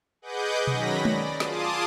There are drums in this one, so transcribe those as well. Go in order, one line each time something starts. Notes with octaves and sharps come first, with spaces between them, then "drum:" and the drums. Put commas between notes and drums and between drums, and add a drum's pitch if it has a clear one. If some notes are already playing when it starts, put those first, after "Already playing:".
G#4 B4 D#5 F#5 D6 G6
D#3 F#3 C#4 B5 A#6, drum: tom B2
D5, drum: tom G#3
F4 G#4 A5 C6 D6 D#6, drum: snare